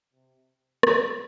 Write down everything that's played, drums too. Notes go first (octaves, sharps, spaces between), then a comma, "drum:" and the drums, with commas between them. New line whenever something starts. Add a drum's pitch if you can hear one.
C3
D3, drum: rim click